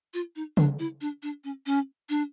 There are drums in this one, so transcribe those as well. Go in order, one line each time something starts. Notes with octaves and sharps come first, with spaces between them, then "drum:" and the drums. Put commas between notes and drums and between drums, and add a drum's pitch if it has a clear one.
F4
D#4
D4, drum: tom C#3
E4
D4
D4
C#4
C#4
D4